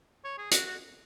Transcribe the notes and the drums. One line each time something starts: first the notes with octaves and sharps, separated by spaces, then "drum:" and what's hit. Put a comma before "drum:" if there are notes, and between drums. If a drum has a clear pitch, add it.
C#5
G#4
F#4, drum: hi-hat
F#4